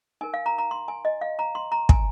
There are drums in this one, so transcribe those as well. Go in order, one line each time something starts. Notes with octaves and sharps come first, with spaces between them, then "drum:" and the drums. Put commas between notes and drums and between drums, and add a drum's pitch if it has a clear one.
D#4 A#4 G#5
F5
A#5
A#5
C6
G#5
D#5
F5
A#5
C6
A#5
G#5, drum: kick